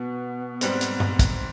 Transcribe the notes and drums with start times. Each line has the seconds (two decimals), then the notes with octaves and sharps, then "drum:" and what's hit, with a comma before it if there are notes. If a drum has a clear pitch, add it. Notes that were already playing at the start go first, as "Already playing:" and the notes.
Already playing: B2 B3
0.61 G#2 G3 C4, drum: hi-hat
0.81 drum: hi-hat
1.00 drum: tom
1.19 drum: kick, hi-hat